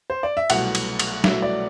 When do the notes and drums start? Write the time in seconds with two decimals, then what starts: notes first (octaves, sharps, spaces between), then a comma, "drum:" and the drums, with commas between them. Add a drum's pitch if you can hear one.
0.10 C5
0.23 D5
0.37 E5
0.50 C2 B2 F#3 A3 F#5, drum: cymbal
0.75 drum: cymbal
1.00 drum: cymbal
1.24 C2 B2 F#3 A3 E5, drum: snare
1.42 D5